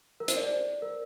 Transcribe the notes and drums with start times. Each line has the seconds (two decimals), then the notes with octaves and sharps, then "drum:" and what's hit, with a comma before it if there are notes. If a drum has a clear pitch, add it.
0.20 A#4
0.28 C5, drum: hi-hat
0.37 D5
0.82 A#4